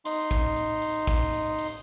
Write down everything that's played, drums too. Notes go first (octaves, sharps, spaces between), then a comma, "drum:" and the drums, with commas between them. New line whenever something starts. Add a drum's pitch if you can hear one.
D#4 C6, drum: hi-hat
drum: kick, hi-hat
drum: hi-hat
drum: hi-hat
drum: kick, hi-hat
drum: hi-hat
drum: hi-hat